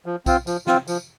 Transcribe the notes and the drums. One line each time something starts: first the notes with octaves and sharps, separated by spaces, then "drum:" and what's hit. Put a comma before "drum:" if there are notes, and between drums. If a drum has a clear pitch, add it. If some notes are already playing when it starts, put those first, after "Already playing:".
F3
C4 F4, drum: kick B1, tambourine
F3, drum: tambourine
C4 F4, drum: snare
F3, drum: tambourine